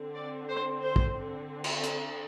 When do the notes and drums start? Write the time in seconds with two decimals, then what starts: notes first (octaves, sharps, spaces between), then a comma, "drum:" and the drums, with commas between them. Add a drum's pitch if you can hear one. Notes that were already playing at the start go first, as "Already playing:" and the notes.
Already playing: D3 C4
0.16 D5
0.48 C5
0.81 C5
0.96 drum: kick
1.15 D3 C4
1.64 drum: cymbal
1.84 drum: hi-hat